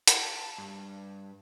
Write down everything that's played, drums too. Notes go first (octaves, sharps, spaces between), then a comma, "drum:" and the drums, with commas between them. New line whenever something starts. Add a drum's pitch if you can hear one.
drum: hi-hat
A5
A5
G2